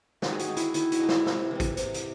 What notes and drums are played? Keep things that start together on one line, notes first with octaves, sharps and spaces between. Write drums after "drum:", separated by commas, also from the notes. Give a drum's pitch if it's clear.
D#3 F#4, drum: snare
G#4
F#4, drum: hi-hat
G#3 D#4
E4, drum: hi-hat
D#3 E4, drum: hi-hat
F#4, drum: hi-hat
G#3 D#4
E4, drum: snare
C3, drum: snare
E3 C4
drum: kick A1, hi-hat
C3, drum: hi-hat
drum: hi-hat